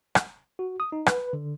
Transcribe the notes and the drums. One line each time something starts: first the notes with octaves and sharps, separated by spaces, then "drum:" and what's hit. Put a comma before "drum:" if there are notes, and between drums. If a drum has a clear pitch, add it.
drum: rim click
F#4
D#6
D#4
B4, drum: rim click
D3